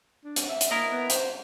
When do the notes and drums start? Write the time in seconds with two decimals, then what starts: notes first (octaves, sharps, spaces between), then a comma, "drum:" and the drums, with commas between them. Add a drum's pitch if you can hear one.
0.24 D4
0.36 drum: hi-hat
0.49 E5
0.61 drum: hi-hat
0.71 A#3 E4 A#4 D#5
0.92 B3
1.10 C5, drum: hi-hat